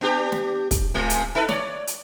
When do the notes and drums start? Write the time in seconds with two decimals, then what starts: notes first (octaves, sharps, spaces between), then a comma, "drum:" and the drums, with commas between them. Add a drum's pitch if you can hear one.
0.01 B3 D4 G4
0.32 drum: snare
0.71 drum: kick, hi-hat
0.94 C3 G#3 F4
1.10 drum: hi-hat
1.35 D#4 A4 B4
1.49 C#5 D5, drum: snare
1.87 drum: hi-hat